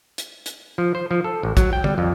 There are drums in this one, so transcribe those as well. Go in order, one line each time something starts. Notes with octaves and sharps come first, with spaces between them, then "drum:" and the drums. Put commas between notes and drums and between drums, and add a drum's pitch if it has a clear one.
drum: hi-hat
drum: hi-hat
F3
C5
F3
A4
A1
F#3, drum: kick, hi-hat
G5
G3, drum: tom
F2